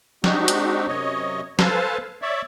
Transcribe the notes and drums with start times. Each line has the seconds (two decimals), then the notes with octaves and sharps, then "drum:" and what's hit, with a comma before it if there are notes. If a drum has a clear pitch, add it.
0.24 G#3 C4 D4 D#4 F#4 G4, drum: snare
0.48 drum: hi-hat
0.88 F#2 C3 C#5 D#5
1.59 A4 B4 C5 F5 G#5 A5, drum: snare
2.22 C#5 D5 E5